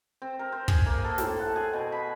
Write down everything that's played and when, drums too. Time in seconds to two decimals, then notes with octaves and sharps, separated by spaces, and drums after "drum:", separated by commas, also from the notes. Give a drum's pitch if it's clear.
0.22 C4
0.39 A#4
0.52 C5
0.68 G#4, drum: kick
0.86 A#3
1.04 A4
1.18 A2, drum: snare
1.39 F#5
1.56 G#4
1.73 B2
1.92 B5